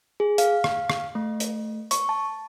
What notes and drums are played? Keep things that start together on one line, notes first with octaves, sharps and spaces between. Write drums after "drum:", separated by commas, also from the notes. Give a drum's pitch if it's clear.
G#4
F5, drum: hi-hat
drum: rim click
drum: rim click
A3
drum: hi-hat
C#6, drum: hi-hat
A5